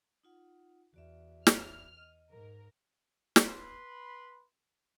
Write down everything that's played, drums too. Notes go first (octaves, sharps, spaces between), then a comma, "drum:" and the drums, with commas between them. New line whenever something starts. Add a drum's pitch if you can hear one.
D#4 F4 F#5
E2 F#4 D5 E5
F6, drum: snare
D#5
G#2 A#4
drum: snare
B4 B5 C6